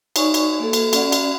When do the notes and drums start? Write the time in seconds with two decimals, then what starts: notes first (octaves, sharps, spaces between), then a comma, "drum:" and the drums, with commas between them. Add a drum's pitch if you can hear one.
0.16 D#4 C#5 D5 G#5 C#6, drum: cymbal
0.34 drum: cymbal
0.60 A#3 A4
0.73 drum: cymbal
0.93 C#4 D5 F#5, drum: cymbal
1.12 drum: cymbal